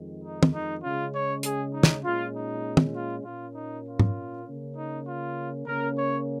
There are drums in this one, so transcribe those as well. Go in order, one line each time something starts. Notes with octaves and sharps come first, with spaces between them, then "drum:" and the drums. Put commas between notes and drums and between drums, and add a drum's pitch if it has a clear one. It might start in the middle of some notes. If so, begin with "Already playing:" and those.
Already playing: F2 D#3 G#3
D#4
drum: tom
D#4
C#3 G#3 C#4 F4
C#5
G#4, drum: hi-hat
D#4
drum: snare
A#2 G#3 C#4 F4
D#4
drum: tom
F4
A#2 A#3 C#4 F4
D#4
F4
drum: tom G#2
C#3 A#3 C#4
D#4
F4
C#3 A#3 C#4 A#4
C#5